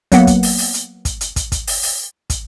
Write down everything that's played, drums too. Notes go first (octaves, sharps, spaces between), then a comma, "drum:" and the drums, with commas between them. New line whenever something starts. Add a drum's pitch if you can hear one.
F#3 A#3 B3 F#5, drum: kick, hi-hat
drum: kick, hi-hat
drum: open hi-hat
drum: open hi-hat
drum: hi-hat
drum: kick, hi-hat
drum: hi-hat
drum: kick, hi-hat
drum: kick, hi-hat
drum: open hi-hat
drum: open hi-hat
drum: kick, hi-hat